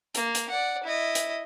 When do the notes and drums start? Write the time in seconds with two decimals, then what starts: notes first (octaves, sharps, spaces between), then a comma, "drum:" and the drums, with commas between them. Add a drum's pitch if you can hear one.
0.15 A#3, drum: hi-hat
0.35 drum: hi-hat
0.49 D5 F#5
0.83 E4 D#5
1.15 drum: hi-hat